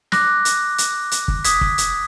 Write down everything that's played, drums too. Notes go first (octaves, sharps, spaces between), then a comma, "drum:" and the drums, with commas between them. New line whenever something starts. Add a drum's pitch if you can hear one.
D6 F#6 A#6, drum: snare
drum: hi-hat
drum: hi-hat
drum: hi-hat
drum: kick
D#6 G#6 B6, drum: hi-hat
drum: kick
drum: hi-hat